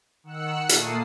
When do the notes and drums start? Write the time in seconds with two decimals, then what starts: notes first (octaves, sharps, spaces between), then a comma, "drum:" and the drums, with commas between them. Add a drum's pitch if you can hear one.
0.23 D#3 F#5 E6 F#6 C#7
0.69 A#2 A3 A#3 A5 D#6 C7, drum: hi-hat